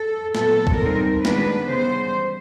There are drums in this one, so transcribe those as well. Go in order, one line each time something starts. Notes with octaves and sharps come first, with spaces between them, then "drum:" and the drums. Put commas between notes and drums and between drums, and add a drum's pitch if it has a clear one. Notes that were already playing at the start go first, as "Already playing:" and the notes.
Already playing: A4
A#2 F#3 B3 A4, drum: snare
drum: kick
A#2 G3 C4 D#4 A#4
D#3 G#3 B3 D4 B4, drum: snare
C#3 E3 G3 B3 C5